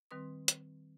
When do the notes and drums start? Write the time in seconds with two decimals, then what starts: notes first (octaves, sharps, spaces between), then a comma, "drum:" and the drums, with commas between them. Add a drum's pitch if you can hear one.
0.11 D#3 G3 C4 B4 C6 D#6
0.48 drum: hi-hat